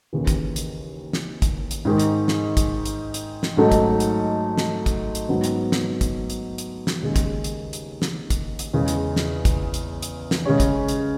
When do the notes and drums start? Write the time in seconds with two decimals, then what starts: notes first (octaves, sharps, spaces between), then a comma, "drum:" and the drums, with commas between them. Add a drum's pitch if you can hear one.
0.13 D#2 C#3 E3
0.27 drum: kick, hi-hat
0.56 drum: hi-hat
1.13 drum: snare
1.42 drum: kick, hi-hat
1.71 drum: hi-hat
1.85 G#2 D#3 G#3
1.99 drum: hi-hat
2.28 drum: snare
2.57 drum: kick, hi-hat
2.85 drum: hi-hat
3.14 drum: hi-hat
3.43 drum: snare
3.57 G#2 F#3 A3 D#4
3.72 drum: kick, hi-hat
4.00 drum: hi-hat
4.58 drum: snare
4.86 drum: kick, hi-hat
5.15 drum: hi-hat
5.29 G#2 F#3 B3
5.44 drum: hi-hat
5.72 drum: snare
6.01 drum: kick, hi-hat
6.30 drum: hi-hat
6.58 drum: hi-hat
6.87 drum: snare
7.01 D#2 C#3 G#3
7.16 drum: kick, hi-hat
7.44 drum: hi-hat
7.73 drum: hi-hat
8.02 drum: snare
8.30 drum: kick, hi-hat
8.59 drum: hi-hat
8.73 E2 C#3 G#3
8.88 drum: hi-hat
9.16 drum: snare
9.45 drum: kick, hi-hat
9.74 drum: hi-hat
10.02 drum: hi-hat
10.31 drum: snare
10.45 C#3 G#3 C#4
10.60 drum: kick, hi-hat
10.89 drum: hi-hat